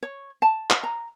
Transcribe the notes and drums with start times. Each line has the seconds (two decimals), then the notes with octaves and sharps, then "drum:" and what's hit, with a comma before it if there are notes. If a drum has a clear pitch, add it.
0.03 C#5
0.42 A5
0.71 drum: clap
0.83 A#5